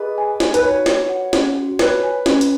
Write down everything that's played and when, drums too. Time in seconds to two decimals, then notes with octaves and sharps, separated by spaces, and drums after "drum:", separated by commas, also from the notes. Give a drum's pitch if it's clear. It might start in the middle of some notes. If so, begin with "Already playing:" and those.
Already playing: G#4 B4 D#5
0.18 G#5
0.40 D#4, drum: snare
0.54 B4, drum: hi-hat
0.63 F#4 C#5
0.86 B4, drum: snare
1.09 F#5
1.33 C#4, drum: snare
1.57 F#4
1.79 B4 C#5, drum: snare
2.03 G#5
2.26 C#4, drum: snare
2.41 drum: hi-hat